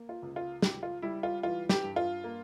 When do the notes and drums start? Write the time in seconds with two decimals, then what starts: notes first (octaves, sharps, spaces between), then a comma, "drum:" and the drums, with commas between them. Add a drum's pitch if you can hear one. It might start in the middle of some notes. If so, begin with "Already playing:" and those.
Already playing: A#3
0.09 F4
0.23 C#2
0.36 F4
0.62 C#2 G4, drum: snare
0.83 F4
1.02 G3 E4
1.23 F4
1.43 E3 F4
1.69 G4, drum: snare
1.83 G2
1.96 F4
2.24 A#3